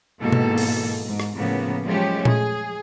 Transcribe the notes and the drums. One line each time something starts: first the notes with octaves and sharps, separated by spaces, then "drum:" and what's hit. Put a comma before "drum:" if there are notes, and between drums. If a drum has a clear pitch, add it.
G#2 B2 D#3 E3 A#3 A4
drum: tom B2
drum: open hi-hat
G#2
drum: rim click
A2 C#3 F3 A#3 B3
F3 F#3 G#3 A3 C#4 G4
G#4, drum: tom A#2